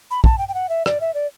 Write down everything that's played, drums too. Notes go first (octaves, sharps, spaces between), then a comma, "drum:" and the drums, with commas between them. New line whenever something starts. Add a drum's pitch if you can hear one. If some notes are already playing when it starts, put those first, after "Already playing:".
B5
A5, drum: kick
G5
G5
F#5
E5
D5, drum: rim click
E5
D5